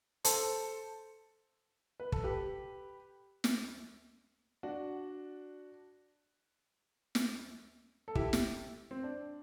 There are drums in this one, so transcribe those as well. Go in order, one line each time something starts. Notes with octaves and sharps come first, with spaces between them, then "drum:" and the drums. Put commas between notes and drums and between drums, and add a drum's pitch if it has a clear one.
A4 C5, drum: hi-hat
B4
A4, drum: kick
G4 B4
drum: snare
D4 F#4
drum: snare
A4
E4 G4, drum: kick
drum: snare
C4
D4